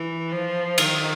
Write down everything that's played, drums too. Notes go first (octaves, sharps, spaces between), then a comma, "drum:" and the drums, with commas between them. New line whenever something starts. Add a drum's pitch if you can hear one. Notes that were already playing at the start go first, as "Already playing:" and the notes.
Already playing: E3
F3
D#3, drum: cymbal